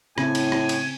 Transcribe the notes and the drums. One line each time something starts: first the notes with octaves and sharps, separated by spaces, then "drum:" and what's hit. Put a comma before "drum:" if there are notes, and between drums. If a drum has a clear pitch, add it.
A2 C#3 C4 E4 G#5, drum: rim click
drum: cymbal
drum: rim click
drum: cymbal